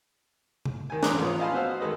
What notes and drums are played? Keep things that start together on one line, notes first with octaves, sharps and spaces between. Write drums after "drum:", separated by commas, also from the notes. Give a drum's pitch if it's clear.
drum: tom C3
D#3 G#5
A1 G#2 A#5 D6 D#6 F#6, drum: snare
A1 F3 F4 B4 C#5 D#6
D#5 F5 G#5 A5 B5 C6
B3 F#4 C5 F5 E6
D#3 G#3 A4 B4 D#5